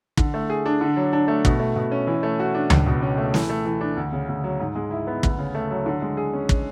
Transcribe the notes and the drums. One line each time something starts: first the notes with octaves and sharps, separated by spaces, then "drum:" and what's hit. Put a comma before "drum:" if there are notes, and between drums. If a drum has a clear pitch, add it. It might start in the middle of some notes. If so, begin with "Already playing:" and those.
D3, drum: kick
A3
G#4
D4
D3
F#3
D4
A3
B2, drum: kick
A3
B2
C#4
E3
A3
F#4
D4
C#2, drum: tom D2
B2
C#4
A3
E3, drum: snare
A3
E3
D4
D2
C#3
D2
F#3
G#2
G#3
E4
B3
D2, drum: kick
C#3
A3
F#3
D3
G#3
G#4
C#4
drum: kick